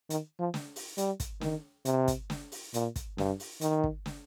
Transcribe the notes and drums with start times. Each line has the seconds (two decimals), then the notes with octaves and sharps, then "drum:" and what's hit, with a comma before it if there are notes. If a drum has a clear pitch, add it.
0.10 D#3, drum: hi-hat
0.40 F3
0.54 drum: snare
0.76 drum: open hi-hat
0.98 G3, drum: hi-hat
1.20 drum: kick, hi-hat
1.41 D#3, drum: snare
1.85 C3, drum: hi-hat
2.08 drum: kick, hi-hat
2.30 drum: snare
2.52 drum: open hi-hat
2.74 A#2, drum: hi-hat
2.96 drum: kick, hi-hat
3.18 G2, drum: snare
3.40 drum: open hi-hat
3.61 D#3, drum: hi-hat
3.84 drum: kick
4.06 drum: snare